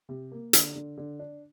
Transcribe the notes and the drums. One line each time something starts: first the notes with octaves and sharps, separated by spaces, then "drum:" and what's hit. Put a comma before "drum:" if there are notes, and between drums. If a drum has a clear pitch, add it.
C3
A#3
D3, drum: hi-hat
D3
D3
D4